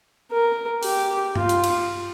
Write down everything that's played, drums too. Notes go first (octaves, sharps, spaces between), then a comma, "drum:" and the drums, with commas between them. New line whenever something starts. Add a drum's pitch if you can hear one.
A#4
G4, drum: open hi-hat
F4, drum: tom G2
drum: hi-hat
drum: cymbal